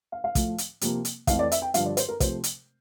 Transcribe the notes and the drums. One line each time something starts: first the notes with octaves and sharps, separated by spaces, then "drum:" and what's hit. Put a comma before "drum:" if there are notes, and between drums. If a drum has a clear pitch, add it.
F5
F5
A2 F3 A3, drum: kick, hi-hat
drum: hi-hat
C3 F3 A#3, drum: hi-hat
drum: hi-hat
F2 E3 A3 F5, drum: kick, hi-hat
D5
E5, drum: hi-hat
G5
G2 D3 F3 F5, drum: hi-hat
D5
C5, drum: hi-hat
A#4
C3 F3 A3 C5, drum: kick, hi-hat
drum: hi-hat